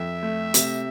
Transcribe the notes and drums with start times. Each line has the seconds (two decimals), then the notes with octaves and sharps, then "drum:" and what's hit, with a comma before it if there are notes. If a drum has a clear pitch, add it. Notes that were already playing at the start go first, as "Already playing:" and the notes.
Already playing: F2 E5
0.23 A3
0.54 C3, drum: hi-hat